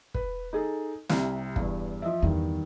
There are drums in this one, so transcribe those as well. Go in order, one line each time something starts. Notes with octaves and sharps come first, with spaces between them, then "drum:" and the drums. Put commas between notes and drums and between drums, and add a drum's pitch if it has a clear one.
B4, drum: kick
D#4 G#4 A4
C2 C3, drum: snare
E2 G2, drum: kick
F3 D#5 E5
E2 G2 D#3